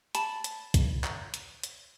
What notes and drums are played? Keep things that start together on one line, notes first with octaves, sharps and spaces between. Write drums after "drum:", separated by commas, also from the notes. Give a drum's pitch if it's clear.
A5 B5, drum: hi-hat
drum: hi-hat
drum: kick, hi-hat
drum: clap
drum: hi-hat
drum: hi-hat